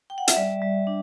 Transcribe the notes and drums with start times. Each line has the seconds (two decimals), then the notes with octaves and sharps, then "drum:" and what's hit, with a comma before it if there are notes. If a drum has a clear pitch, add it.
0.10 G5
0.18 F#5
0.28 E5, drum: hi-hat
0.36 G3 D5
0.62 G3
0.87 D4